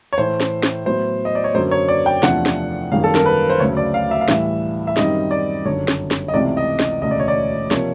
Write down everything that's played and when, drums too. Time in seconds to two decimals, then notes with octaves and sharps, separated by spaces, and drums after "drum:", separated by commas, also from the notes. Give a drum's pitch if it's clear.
0.13 C#5
0.18 A2 E3 A3 C5
0.40 drum: snare
0.63 drum: snare
0.86 A2 F#3 B3 E4 C5
1.25 D#5
1.35 D5
1.44 C#5
1.54 F#2 D3 F#3 A#3 C5
1.71 C#5
1.88 D5
2.06 G5
2.23 E2 C3 F3 A3 D4 F#5, drum: snare
2.46 drum: snare
2.91 G#1 F#2 D#3 G3 A#3 F5
3.04 A4
3.15 A#4, drum: snare
3.26 B4
3.50 C5
3.60 D2 C#3 F#3 C#5
3.77 D5
3.94 F5
4.11 E5
4.21 F5
4.28 A2 E3 G3 E5, drum: snare
4.87 E5
4.97 F#2 D#3 G3 C4 D#4 D#5, drum: snare
5.31 D5
5.65 G1 F#2 D3 C#5
5.88 drum: snare
6.11 drum: snare
6.28 D#5
6.33 C#2 C3 E3 A3 C4 D5
6.57 D#5
6.79 D#5, drum: snare
7.02 E1 D2 C#3 D#5
7.11 D5
7.20 C#5
7.28 D5
7.71 C3 F3 A#3 C#5, drum: snare